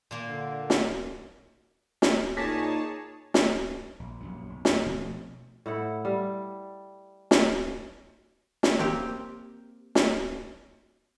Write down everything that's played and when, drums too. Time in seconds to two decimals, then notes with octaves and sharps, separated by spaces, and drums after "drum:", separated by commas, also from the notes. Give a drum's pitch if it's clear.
0.11 A#2 A#3
0.28 D3
0.70 drum: snare
2.02 drum: snare
2.36 A#2 D#4 G#4 C#5 A5 D6 A#6 B6
3.34 drum: snare
4.00 A#1
4.20 A#1 F#2 F#3
4.50 B1
4.65 F2, drum: snare
4.86 B2 F3 A3 C4
5.66 A2 E4 F#5
6.05 G3
7.31 drum: snare
8.63 drum: snare
8.79 A#3 C4 G4
9.95 drum: snare